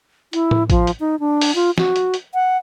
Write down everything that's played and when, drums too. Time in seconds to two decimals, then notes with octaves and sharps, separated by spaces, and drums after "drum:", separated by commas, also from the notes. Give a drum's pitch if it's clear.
0.33 E4, drum: hi-hat
0.51 drum: tom A2
0.70 F3, drum: kick A1, hi-hat
0.87 drum: hi-hat
1.00 D#4
1.20 D4
1.41 drum: open hi-hat
1.55 F4
1.78 F#4, drum: snare
1.96 drum: hi-hat
2.14 drum: hi-hat
2.34 F#5